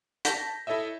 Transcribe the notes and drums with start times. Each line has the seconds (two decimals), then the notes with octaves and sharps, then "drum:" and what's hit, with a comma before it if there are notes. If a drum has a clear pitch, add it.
0.25 A5 G6 A#6 B6, drum: hi-hat
0.67 E4 A4 C#5 D#5 E5